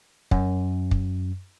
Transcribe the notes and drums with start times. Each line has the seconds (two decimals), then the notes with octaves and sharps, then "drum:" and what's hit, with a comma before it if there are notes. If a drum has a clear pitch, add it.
0.31 F#2, drum: kick
0.91 drum: kick